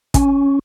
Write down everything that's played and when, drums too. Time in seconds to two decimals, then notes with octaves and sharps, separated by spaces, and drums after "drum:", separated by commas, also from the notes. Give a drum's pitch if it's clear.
0.14 C#4, drum: kick, hi-hat